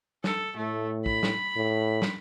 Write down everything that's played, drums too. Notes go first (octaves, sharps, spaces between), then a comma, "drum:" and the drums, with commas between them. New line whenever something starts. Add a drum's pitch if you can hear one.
A4, drum: snare
A2 A3
B5, drum: kick
drum: snare
A2
drum: snare